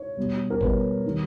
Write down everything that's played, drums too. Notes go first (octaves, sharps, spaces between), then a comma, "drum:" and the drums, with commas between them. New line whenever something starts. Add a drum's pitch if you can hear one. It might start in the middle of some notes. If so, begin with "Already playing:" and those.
Already playing: C#5
B2 G3
A#4
B2 G3 B4, drum: kick G#1
D#3 G3